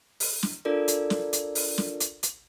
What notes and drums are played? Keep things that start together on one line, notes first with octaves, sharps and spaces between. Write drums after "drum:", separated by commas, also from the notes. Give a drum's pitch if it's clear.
drum: open hi-hat
drum: snare
D4 F4 A4 A#4 D5
drum: hi-hat
drum: snare
drum: hi-hat
drum: open hi-hat
drum: snare
drum: hi-hat
drum: hi-hat